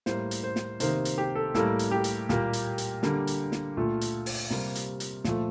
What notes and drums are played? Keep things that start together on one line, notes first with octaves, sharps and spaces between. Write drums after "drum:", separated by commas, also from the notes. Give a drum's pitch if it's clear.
A2 G3 A#3 C5, drum: snare
drum: hi-hat
C5
drum: snare
C3 D#3 A#3 C5, drum: hi-hat
drum: hi-hat
G4
A4
A2 G3 A#3 A4, drum: snare
drum: hi-hat
G4
drum: hi-hat
A#2 G3 A#3, drum: snare
drum: hi-hat
drum: hi-hat
D3 G3 A#3, drum: snare
drum: hi-hat
drum: snare
A#2 A3 F4
drum: hi-hat
drum: open hi-hat
C3 G3 A#3, drum: snare
drum: hi-hat
drum: hi-hat
A#2 F3 A3, drum: snare